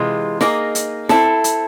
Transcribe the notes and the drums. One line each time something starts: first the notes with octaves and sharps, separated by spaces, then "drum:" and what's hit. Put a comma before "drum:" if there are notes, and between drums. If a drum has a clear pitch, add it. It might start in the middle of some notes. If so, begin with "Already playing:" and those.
Already playing: C3 E3 G#3 F4
A#3 D#4 G#4, drum: snare
drum: hi-hat
C4 E4 A4, drum: snare
drum: hi-hat